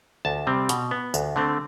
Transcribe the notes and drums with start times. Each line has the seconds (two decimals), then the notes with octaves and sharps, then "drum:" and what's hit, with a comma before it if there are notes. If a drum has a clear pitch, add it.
0.25 D2 A5
0.47 C3 G3 C4
0.69 B2, drum: hi-hat
0.91 B3
1.14 D2, drum: tambourine
1.36 D3 A3 C4